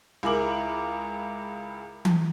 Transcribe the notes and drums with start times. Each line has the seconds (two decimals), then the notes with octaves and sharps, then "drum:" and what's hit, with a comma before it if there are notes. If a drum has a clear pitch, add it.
0.23 C#2 E4 G#4 A#4 D6 F#7
2.05 drum: tom E3